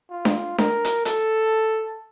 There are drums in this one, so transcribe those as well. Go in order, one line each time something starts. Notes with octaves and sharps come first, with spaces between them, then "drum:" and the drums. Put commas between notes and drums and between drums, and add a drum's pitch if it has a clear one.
F4
drum: snare D4
A#4, drum: snare D4
drum: hi-hat
A4, drum: hi-hat